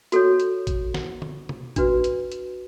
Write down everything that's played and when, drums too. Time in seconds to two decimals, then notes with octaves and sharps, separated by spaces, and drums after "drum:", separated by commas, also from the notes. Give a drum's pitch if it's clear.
0.12 F#4 A4 C#5, drum: hi-hat
0.40 drum: hi-hat
0.67 drum: kick A1, hi-hat
0.94 drum: snare
1.22 drum: tom D3
1.49 drum: tom C3
1.76 D4 F#4 B4, drum: kick A1, hi-hat
2.04 drum: hi-hat
2.32 drum: hi-hat